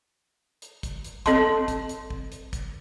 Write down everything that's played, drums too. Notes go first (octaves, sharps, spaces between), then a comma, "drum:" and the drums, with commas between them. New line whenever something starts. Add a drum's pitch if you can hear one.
drum: hi-hat
drum: kick, hi-hat
drum: hi-hat
C4 A4 D#5 A5 C6, drum: kick, hi-hat
drum: kick, hi-hat
drum: hi-hat
drum: kick
drum: hi-hat
drum: kick, hi-hat